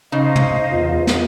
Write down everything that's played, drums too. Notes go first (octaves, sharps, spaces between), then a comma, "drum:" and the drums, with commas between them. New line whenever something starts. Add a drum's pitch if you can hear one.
C#3 D#4 C5 D#5 F5
drum: tom
E2 F4
drum: snare